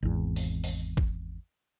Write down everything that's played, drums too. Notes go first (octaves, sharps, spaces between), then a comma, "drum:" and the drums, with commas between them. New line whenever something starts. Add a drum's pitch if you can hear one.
G#1 E2
drum: open hi-hat
drum: open hi-hat
drum: kick